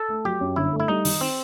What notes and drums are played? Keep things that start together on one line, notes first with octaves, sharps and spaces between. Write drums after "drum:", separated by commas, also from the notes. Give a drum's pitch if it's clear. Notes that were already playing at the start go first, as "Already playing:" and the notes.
Already playing: A4
A3
F#3 G4
F#2
G1 E4
A3
E4
G3 D#4
D#3, drum: open hi-hat
C4